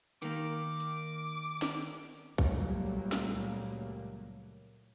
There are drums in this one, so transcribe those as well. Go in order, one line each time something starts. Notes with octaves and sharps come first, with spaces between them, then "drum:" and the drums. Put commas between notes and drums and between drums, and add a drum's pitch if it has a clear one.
D#3 A#3 D6, drum: hi-hat
drum: hi-hat
drum: snare
C#2 A#2 F#3 G3 A3 A#3, drum: kick
drum: snare